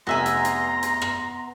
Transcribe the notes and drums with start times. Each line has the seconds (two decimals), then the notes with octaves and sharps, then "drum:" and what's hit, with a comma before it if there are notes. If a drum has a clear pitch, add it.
0.07 F1 B3 E5 G#5 A#5 C6 A#6
0.26 drum: hi-hat
0.45 drum: hi-hat
0.83 drum: hi-hat
1.02 drum: rim click